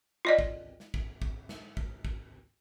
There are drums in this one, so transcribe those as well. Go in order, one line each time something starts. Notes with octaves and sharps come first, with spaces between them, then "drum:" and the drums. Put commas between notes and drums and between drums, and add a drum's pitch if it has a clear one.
F4 D5 D#5
drum: kick
drum: snare
drum: kick
drum: kick
drum: snare
drum: kick
drum: kick